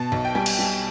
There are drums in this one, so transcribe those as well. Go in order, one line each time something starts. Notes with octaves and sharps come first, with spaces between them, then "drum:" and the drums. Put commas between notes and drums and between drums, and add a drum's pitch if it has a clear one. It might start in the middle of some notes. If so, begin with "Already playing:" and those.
Already playing: B2 A5
B1
G5
G3 G#5
drum: cymbal
G3